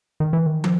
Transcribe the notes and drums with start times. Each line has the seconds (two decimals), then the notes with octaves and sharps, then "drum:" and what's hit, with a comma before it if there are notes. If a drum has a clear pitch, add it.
0.20 D#3
0.33 E3
0.46 D#3
0.64 drum: tom